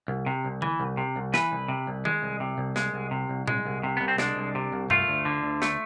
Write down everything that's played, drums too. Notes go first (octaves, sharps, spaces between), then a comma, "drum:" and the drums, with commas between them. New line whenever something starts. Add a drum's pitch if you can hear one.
C2
C3
C2
E3, drum: tom D3
C2
C3
C2
E3 B4, drum: snare
C2
C3
C2
G#3, drum: tom D#3
C2
C3
C2
G#3, drum: snare
C2
C3
C2
G#3, drum: tom A#2
C2
C3
C2 B3
C4
G#3 D4, drum: snare
C2
C3
C2
A3 F4, drum: tom G2
D2
D3
D2
A3, drum: snare